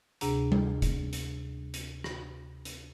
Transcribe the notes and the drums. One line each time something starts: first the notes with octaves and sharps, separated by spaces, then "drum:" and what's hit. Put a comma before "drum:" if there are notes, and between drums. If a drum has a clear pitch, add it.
D2 C3 D4 G#4 A#5, drum: hi-hat
drum: tom G3
drum: kick F1, hi-hat
drum: hi-hat
drum: hi-hat
drum: rim click
drum: hi-hat